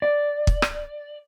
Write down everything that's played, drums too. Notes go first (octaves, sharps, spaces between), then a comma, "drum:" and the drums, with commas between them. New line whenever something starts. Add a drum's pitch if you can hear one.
D5
drum: kick
drum: rim click